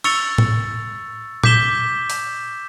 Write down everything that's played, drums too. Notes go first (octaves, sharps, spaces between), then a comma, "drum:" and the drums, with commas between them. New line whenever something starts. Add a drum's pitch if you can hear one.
C#6 E6 A6 C#7 F7, drum: cymbal
drum: tom A2
D6 G6 B6 E7 G7, drum: tom A#2
drum: open hi-hat